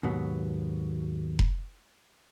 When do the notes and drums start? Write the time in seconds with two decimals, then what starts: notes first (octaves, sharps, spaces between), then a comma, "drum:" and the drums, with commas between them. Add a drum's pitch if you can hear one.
0.03 D#2 G#2 B2 F#3 B3
1.39 drum: kick F1